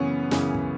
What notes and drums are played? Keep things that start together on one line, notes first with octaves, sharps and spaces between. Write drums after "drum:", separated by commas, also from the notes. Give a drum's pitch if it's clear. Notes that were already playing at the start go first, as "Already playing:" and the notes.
Already playing: F#2 C#3 E3 B3 C#4
F#2 C#3 E3, drum: snare
drum: kick